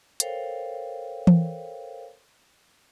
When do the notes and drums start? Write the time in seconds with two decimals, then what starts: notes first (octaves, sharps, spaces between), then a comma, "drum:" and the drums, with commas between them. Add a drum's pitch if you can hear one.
0.20 A4 A#4 C5 C#5 F5 G5, drum: hi-hat
1.27 drum: tom E3